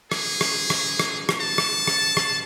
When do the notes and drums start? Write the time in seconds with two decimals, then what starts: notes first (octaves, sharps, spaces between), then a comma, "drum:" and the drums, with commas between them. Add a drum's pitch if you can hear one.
0.12 G#4, drum: rim click
0.41 drum: rim click
0.70 drum: rim click
1.00 drum: rim click
1.29 drum: rim click
1.41 A5
1.58 drum: rim click
1.87 drum: rim click
2.17 drum: rim click